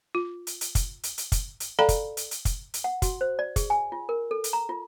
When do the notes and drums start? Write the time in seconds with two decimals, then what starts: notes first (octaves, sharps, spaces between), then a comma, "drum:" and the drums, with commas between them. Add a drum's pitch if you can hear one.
0.15 F4
0.47 drum: hi-hat
0.61 drum: hi-hat
0.75 drum: kick, hi-hat
1.03 drum: hi-hat
1.18 drum: hi-hat
1.32 drum: kick, hi-hat
1.60 drum: hi-hat
1.79 A4 D5 F5 G5 A#5 B5
1.89 drum: kick, hi-hat
2.17 drum: hi-hat
2.31 drum: hi-hat
2.45 drum: kick, hi-hat
2.74 drum: hi-hat
2.84 F#5
3.02 F#4, drum: kick, hi-hat
3.21 C5
3.39 D5
3.56 G#4, drum: kick, hi-hat
3.70 G#5
3.92 F4
4.09 A#4
4.31 A4
4.44 drum: hi-hat
4.53 A#5
4.69 F4